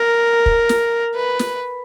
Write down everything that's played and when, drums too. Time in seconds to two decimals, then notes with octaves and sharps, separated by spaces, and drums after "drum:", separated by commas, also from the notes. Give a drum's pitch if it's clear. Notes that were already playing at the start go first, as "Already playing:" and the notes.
Already playing: A#4
0.46 drum: kick
0.69 drum: snare
1.16 B4
1.39 drum: snare